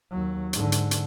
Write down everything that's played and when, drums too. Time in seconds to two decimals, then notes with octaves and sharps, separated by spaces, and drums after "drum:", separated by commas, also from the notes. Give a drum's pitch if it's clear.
0.11 D#2 F#3
0.53 G#2 D3, drum: hi-hat
0.72 drum: hi-hat
0.91 drum: hi-hat